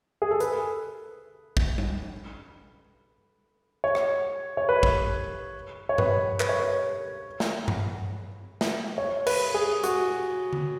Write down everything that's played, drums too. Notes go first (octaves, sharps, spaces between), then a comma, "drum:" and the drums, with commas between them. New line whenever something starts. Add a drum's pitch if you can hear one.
G#4
A4
B4, drum: hi-hat
drum: kick
drum: tom G3
C#5
drum: rim click
C#5
B4
drum: kick
C#5
B4, drum: tom G2
B4, drum: clap
C#5
B4
drum: snare
drum: tom G2
drum: snare
C#5
B4, drum: cymbal
G#4
F#4, drum: hi-hat
drum: tom D3